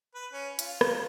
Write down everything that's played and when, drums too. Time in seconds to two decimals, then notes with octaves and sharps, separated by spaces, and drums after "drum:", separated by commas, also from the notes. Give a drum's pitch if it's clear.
0.15 B4
0.33 C#4
0.59 F4, drum: hi-hat
0.81 drum: rim click